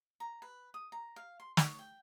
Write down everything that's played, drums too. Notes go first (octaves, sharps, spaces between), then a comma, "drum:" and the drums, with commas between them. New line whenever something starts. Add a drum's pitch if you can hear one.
A#5
B4
D#6
A#5
F5
C6
C#5, drum: snare
G5